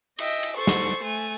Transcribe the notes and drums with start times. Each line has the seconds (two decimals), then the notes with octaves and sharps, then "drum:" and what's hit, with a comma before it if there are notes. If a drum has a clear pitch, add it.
0.19 D#5 E5 G5, drum: cymbal
0.43 drum: cymbal
0.56 A4 C5 C#6
0.67 drum: snare
1.02 A3 G#5